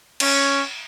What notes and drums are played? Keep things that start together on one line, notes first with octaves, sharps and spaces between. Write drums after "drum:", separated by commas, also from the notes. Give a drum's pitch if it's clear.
C#4, drum: cymbal